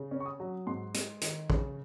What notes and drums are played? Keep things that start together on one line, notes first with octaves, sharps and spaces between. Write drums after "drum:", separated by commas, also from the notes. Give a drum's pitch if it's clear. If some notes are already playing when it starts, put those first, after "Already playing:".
Already playing: C#3
C#4
C#6
D#6
F#3
G#2 C6
G#3, drum: hi-hat
D#3, drum: hi-hat
C#3, drum: kick